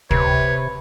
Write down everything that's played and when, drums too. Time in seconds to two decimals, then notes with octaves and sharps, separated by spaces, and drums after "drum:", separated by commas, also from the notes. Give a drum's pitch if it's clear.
0.11 C3 B4 C#5, drum: kick